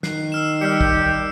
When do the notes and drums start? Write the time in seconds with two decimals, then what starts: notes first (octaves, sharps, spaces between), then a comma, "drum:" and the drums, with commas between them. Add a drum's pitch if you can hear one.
0.03 D#3 F#6 C7, drum: snare
0.32 E6 F6 E7
0.61 G3 G4 F6 C#7
0.81 drum: kick